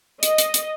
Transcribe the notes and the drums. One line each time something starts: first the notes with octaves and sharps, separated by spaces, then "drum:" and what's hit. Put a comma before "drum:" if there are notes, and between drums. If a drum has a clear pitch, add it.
D#5, drum: hi-hat
drum: hi-hat
drum: hi-hat